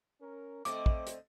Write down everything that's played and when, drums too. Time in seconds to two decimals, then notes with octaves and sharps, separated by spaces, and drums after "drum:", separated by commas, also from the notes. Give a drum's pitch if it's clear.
0.21 C#4 A#4
0.65 D3 A3 C4 C5 D#5 D6, drum: hi-hat
0.86 drum: kick
1.07 drum: hi-hat